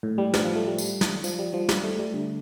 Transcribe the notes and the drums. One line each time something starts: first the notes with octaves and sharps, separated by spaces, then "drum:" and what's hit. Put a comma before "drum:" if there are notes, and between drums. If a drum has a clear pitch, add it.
A2
G3
F3, drum: snare
F3
A3
G3
drum: tambourine
drum: snare
F3, drum: tambourine
G3
F3
G3, drum: snare
A3
G3
D3